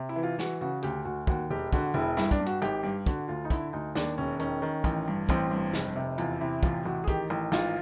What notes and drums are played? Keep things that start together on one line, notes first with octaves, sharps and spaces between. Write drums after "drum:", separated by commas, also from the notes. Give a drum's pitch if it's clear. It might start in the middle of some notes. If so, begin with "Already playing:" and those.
Already playing: C3
E4
E3
F4
E3 F#4, drum: snare
C#3 F#4
D2 G4, drum: hi-hat
D2 F#4
D#2 F#4, drum: kick
E1 G4
D3 F#4, drum: kick, hi-hat
E1 E4
G2 E4, drum: snare
D4, drum: kick, hi-hat
G2
F#4, drum: hi-hat
G#1 G4, drum: hi-hat
G2
D3 F#4, drum: kick, hi-hat
D2 F4
D#4
D3 E4, drum: kick, hi-hat
D2 D#4
D#2 D4, drum: snare
E1 C#4
D#3 C#4, drum: hi-hat
D#3
A1, drum: kick, hi-hat
G2
A1 C4, drum: kick, hi-hat
G2
F1, drum: snare
C3
E2 F4, drum: hi-hat
C3 E4
A1 F4, drum: kick, hi-hat
A1 F#4
G#4
D#3 G4, drum: kick, hi-hat
A1
G#1 F4, drum: snare